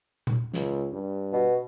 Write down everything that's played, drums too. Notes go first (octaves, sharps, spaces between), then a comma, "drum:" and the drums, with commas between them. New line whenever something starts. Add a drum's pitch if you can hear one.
drum: tom A#2
C#2, drum: snare
G2
B2